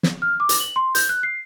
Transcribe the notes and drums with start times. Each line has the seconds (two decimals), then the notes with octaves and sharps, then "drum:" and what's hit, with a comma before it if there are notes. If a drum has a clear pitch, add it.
0.03 drum: snare
0.22 F6
0.40 D6
0.49 drum: hi-hat
0.60 F#7
0.76 C6
0.95 G6, drum: hi-hat
1.09 F#6
1.23 C7